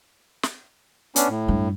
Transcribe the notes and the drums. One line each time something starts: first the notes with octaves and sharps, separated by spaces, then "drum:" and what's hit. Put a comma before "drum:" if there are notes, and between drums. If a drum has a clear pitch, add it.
drum: snare
B3 C#4 D4, drum: hi-hat
A2
G2